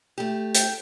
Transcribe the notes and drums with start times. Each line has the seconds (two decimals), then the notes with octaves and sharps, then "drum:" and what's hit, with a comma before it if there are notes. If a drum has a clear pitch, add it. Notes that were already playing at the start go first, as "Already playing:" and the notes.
0.18 A3 G4
0.55 G5, drum: hi-hat